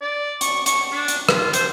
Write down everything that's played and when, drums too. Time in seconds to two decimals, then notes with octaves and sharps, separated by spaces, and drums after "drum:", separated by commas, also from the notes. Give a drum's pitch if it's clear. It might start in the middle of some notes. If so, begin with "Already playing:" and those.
0.02 D5
0.41 C#6, drum: hi-hat
0.66 C#6, drum: hi-hat
0.92 D4
1.08 drum: hi-hat
1.29 F4, drum: rim click
1.53 C5, drum: hi-hat